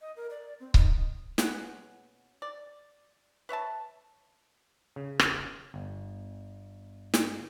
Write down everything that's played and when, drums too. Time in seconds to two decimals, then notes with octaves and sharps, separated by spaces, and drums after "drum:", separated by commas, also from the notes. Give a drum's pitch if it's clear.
0.01 D#5
0.16 A#4
0.30 D5
0.60 C4
0.74 D#4, drum: kick C#1
1.38 B2 C#4 G#4 F#5, drum: snare
2.42 D5
3.49 B4 C#5 E5 A5
4.96 C#3
5.19 drum: rim click
5.74 G1
7.14 drum: snare